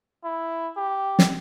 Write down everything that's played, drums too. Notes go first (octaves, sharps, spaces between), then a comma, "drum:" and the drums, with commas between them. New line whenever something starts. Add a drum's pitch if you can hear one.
E4
G4
drum: snare